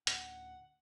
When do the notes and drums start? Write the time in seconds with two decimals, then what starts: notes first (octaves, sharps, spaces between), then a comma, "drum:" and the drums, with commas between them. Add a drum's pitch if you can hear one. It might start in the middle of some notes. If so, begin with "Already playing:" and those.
0.07 D2 A2 C#4 F#5, drum: hi-hat